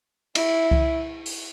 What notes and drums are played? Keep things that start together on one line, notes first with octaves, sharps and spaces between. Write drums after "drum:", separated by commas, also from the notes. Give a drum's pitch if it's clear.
E4, drum: cymbal
drum: kick C2
drum: open hi-hat